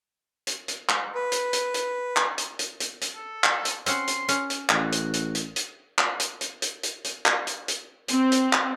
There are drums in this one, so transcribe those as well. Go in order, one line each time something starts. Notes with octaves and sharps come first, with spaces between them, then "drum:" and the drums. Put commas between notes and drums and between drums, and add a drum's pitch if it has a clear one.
drum: hi-hat
drum: hi-hat
drum: clap
B4
drum: hi-hat
drum: hi-hat
drum: hi-hat
drum: clap
drum: hi-hat
drum: hi-hat
drum: hi-hat
drum: hi-hat
A4
drum: clap
drum: hi-hat
C4 C#4 F#5 C6, drum: hi-hat
drum: hi-hat
C#4, drum: hi-hat
drum: hi-hat
A1 F#4, drum: clap
drum: hi-hat
drum: hi-hat
drum: hi-hat
drum: hi-hat
drum: clap
drum: hi-hat
drum: hi-hat
drum: hi-hat
drum: hi-hat
drum: hi-hat
drum: clap
drum: hi-hat
drum: hi-hat
C4, drum: hi-hat
drum: hi-hat
drum: clap